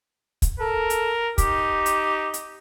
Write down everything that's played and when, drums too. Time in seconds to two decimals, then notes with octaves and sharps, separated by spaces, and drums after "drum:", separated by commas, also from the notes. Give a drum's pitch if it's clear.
0.42 drum: kick, hi-hat
0.60 A4 A#4
0.90 drum: hi-hat
1.38 D#4 G4, drum: kick, hi-hat
1.86 drum: hi-hat
2.34 drum: hi-hat